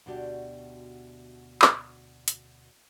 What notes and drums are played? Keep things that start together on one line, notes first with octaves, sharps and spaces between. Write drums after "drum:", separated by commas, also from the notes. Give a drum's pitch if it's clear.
D2 B2 D4 F#4 G4
drum: clap
drum: hi-hat